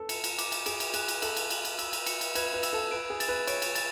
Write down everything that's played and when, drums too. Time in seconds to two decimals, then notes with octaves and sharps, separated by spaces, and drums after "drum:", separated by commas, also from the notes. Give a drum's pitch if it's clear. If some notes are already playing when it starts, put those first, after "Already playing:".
Already playing: A4 B4
0.09 C#7, drum: cymbal
0.24 drum: cymbal
0.38 D6, drum: cymbal
0.52 drum: cymbal
0.66 G#4 D7, drum: cymbal
0.80 drum: cymbal
0.94 G#4 F#6, drum: cymbal
1.08 drum: cymbal
1.22 A4 F#7, drum: cymbal
1.37 drum: cymbal
1.50 F#7, drum: cymbal
1.65 drum: cymbal
1.79 E6, drum: cymbal
1.93 drum: cymbal
2.06 C#7, drum: cymbal
2.21 drum: cymbal
2.35 B4 G#6, drum: cymbal
2.53 B4
2.63 E6, drum: cymbal
2.73 A4
2.91 B4 D7
3.10 G#4
3.20 A6, drum: cymbal
3.28 B4
3.47 C#5 D7, drum: cymbal
3.62 drum: cymbal
3.75 A6, drum: cymbal